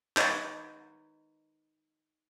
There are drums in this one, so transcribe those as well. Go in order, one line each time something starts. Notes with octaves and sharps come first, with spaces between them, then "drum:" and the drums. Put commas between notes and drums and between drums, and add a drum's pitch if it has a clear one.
D#4 B4 C#5 D6, drum: clap